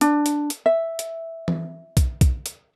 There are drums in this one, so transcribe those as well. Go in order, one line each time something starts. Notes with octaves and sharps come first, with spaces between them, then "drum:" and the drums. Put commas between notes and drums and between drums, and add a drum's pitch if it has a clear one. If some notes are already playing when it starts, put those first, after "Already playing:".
D4, drum: hi-hat
drum: hi-hat
drum: hi-hat
E5
drum: hi-hat
drum: tom E3
drum: kick B1, hi-hat
drum: kick B1, hi-hat
drum: hi-hat